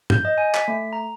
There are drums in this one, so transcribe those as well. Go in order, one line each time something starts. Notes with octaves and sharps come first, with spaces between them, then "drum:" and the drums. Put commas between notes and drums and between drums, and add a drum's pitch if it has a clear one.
G6, drum: tom
D#5
G#5
B6, drum: clap
A3
A#5